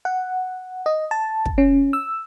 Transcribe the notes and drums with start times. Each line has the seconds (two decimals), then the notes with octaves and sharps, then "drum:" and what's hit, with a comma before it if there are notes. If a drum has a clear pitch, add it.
0.05 F#5
0.86 D#5
1.11 A5
1.46 drum: kick
1.58 C#4
1.93 E6